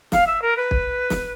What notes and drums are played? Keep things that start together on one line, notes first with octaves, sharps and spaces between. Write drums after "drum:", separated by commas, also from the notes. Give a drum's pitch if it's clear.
F5, drum: snare
E5
A#4
B4
drum: kick
drum: snare